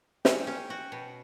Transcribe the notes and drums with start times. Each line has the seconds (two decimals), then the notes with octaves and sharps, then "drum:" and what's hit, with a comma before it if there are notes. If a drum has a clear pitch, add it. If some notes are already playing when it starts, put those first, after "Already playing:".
0.25 C#4 G5, drum: snare
0.47 C#4
0.70 F#4
0.92 B2